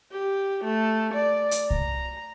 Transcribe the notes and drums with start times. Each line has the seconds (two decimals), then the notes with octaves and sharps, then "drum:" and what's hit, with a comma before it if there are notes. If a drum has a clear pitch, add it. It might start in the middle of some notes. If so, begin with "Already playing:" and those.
0.12 G4
0.64 A3
1.14 D5
1.51 drum: hi-hat
1.70 A#5, drum: kick C2